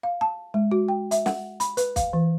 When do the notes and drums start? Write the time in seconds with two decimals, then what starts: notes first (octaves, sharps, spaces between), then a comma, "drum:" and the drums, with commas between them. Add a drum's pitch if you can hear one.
0.03 F5
0.21 A5
0.54 G#3
0.71 F#4
0.88 G5
1.11 E5, drum: hi-hat
1.26 F#5, drum: snare
1.60 B5, drum: hi-hat
1.77 B4, drum: hi-hat
1.96 F5, drum: kick, hi-hat
2.13 E3